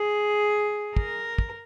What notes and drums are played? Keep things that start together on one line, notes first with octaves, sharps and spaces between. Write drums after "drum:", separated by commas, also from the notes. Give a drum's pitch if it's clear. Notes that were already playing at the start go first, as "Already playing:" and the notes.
Already playing: G#4
A#4, drum: kick
drum: kick